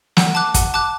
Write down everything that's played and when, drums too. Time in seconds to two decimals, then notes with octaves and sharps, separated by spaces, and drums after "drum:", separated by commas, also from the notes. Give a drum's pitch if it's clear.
0.17 F#5, drum: snare
0.35 A5 D6 F#6
0.54 F#5, drum: kick, hi-hat
0.74 A5 D6 F#6